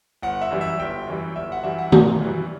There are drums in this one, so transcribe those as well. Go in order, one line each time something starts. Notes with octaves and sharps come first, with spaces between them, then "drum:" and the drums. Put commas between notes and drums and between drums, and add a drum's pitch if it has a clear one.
G1 F#5
E5
F#2 E3 G3
E5
G1 G5
F#2 E3 G3
G1 E5
F#5
F#2 E3 G3 E5
F#5
G1, drum: tom
F#2 E3 G3